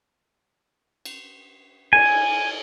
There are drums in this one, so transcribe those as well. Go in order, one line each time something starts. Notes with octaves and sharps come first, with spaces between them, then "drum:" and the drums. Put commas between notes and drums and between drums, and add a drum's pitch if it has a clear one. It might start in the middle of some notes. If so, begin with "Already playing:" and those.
drum: cymbal
G#5, drum: cymbal